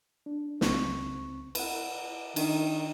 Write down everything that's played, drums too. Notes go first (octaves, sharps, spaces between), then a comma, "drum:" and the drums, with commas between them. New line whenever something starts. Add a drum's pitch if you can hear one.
D4
C#2 C4 C#6, drum: snare
B4 F#5, drum: cymbal
D#3 D4, drum: cymbal